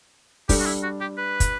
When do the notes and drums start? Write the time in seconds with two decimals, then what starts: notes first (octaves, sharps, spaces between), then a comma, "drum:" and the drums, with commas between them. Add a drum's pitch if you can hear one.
0.49 G3 D4 G4 A4, drum: kick, open hi-hat
0.60 F#4
0.66 E4
0.83 F#4
1.01 G4
1.18 B4
1.40 drum: kick, hi-hat